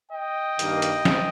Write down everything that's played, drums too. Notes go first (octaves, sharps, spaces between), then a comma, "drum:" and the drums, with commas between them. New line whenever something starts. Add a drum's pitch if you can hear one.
D#5 G5
G2 D#3 A#3, drum: hi-hat
drum: hi-hat
drum: snare